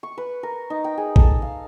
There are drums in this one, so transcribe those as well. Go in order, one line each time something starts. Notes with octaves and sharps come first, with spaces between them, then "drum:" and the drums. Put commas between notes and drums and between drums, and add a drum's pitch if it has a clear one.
C#6
B4
A#4
D#4
G5
G#4
A4, drum: kick A1
F5